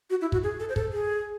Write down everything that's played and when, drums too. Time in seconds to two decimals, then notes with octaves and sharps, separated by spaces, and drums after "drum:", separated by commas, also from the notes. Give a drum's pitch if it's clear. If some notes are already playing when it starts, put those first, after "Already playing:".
0.10 F#4
0.21 E4
0.32 F#4, drum: kick
0.43 G#4
0.60 A4
0.69 C5
0.76 A4, drum: kick
0.92 G#4